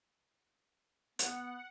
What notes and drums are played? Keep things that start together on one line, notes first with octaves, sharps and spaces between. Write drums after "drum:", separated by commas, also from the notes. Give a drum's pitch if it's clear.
B3 F#5, drum: hi-hat